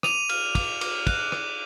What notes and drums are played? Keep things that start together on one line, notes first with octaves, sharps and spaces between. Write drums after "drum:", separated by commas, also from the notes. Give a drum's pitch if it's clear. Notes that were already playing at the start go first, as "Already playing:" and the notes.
D6 D#7 F7, drum: rim click
F6, drum: cymbal
D6, drum: kick, cymbal
D6, drum: cymbal
F#6, drum: kick, cymbal
D6, drum: rim click